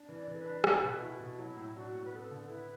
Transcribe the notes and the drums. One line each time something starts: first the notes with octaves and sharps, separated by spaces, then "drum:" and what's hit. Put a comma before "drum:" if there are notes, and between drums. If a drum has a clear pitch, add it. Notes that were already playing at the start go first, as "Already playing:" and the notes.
Already playing: D4
E3
D5
E3
A4
B4
D4
A3 B4, drum: rim click
B2
E4 F#4
B2
F#3 E4
A2
D4 F#4
A2
B4
B3 A4
D3
A4
E4 B4